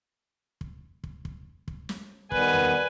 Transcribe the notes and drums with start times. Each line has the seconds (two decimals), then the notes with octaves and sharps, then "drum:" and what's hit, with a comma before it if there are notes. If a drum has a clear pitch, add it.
0.61 drum: kick
1.04 drum: kick
1.25 drum: kick
1.68 drum: kick
1.89 drum: snare
2.32 D#3 G3 B3 B4 G#5, drum: kick
2.53 drum: tom D#2